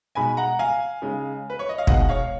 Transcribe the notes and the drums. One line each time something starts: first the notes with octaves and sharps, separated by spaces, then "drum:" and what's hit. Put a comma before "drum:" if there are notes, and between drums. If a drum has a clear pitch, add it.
B2 G#3 D#4 G#5 B5
F#5 A#5
F5 G#5
C#3 G#3 D#4
B4
C#5
D#5
F5
B2 G#3 B3 D#4 D#5 F#5, drum: kick
C#5 F5